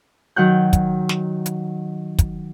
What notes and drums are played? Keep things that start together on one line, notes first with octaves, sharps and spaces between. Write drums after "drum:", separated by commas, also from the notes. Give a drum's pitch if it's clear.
D#3 F#3 F#5 F#6 G6
drum: kick, hi-hat
drum: snare
drum: hi-hat
drum: kick, hi-hat